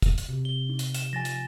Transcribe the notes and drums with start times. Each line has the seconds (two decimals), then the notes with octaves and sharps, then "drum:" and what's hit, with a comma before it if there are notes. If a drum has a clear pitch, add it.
0.02 drum: kick, hi-hat
0.18 drum: hi-hat
0.29 C3
0.45 G7
0.69 D#4
0.79 drum: hi-hat
0.94 E7, drum: hi-hat
1.13 F3 G#5 A6 A#6
1.25 drum: hi-hat